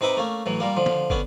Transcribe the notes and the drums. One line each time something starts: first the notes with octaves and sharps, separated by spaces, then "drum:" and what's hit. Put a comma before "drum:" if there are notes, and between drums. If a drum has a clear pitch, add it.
C3 D#4 B4 E5 D6
A3 A#3 C#4
A2 E3 F#3
A#2 G3 A#3
D3 F3
drum: snare
D3 B3 C#4, drum: kick